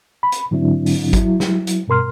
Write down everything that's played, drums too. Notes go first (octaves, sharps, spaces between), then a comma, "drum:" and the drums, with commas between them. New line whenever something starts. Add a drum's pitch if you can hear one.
B5
drum: hi-hat
G#2 D3 F#3 C4 D4 E4
drum: open hi-hat
F#3 E4, drum: kick G#1, hi-hat
drum: snare
drum: hi-hat
G2 B2 A#4 C6 F6